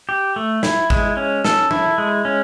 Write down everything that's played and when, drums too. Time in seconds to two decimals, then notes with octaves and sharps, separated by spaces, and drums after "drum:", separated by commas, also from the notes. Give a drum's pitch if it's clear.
0.09 G4
0.36 A3
0.63 E4, drum: snare
0.90 G#3, drum: kick G#1
1.17 C#4
1.45 A4, drum: snare
1.71 E4, drum: tom F3
1.98 G#3
2.25 C#4